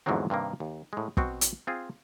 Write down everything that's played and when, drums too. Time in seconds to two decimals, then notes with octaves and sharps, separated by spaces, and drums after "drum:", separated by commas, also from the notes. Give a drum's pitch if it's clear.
0.06 E2 G#2 D3 F3 F#3 C4
0.30 G2 C3 D#3 A#3
0.60 D#2
0.93 A2 G#3
1.17 B2 C4 F#4, drum: kick
1.41 drum: hi-hat
1.67 C4 F4 G#4